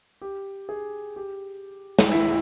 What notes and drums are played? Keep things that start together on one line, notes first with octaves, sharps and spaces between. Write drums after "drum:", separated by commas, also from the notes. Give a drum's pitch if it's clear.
G4
G#4
G4
drum: snare
E4